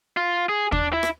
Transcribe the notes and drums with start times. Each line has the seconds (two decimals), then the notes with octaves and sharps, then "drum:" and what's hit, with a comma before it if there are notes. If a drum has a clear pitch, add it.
0.17 F4
0.49 G#4
0.72 D4, drum: kick D#2
0.93 E4
1.03 drum: rim click